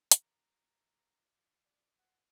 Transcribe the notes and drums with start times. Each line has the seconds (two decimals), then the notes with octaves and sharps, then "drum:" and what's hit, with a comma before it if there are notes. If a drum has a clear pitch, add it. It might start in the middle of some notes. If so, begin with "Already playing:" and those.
0.12 D3 F3 A#5, drum: hi-hat
1.65 D5
1.99 F3 A#3 C4 F#5